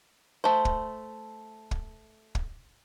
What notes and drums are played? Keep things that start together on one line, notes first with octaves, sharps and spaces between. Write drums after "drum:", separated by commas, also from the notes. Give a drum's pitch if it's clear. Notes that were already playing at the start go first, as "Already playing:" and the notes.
A3 C5
drum: kick
drum: kick
drum: kick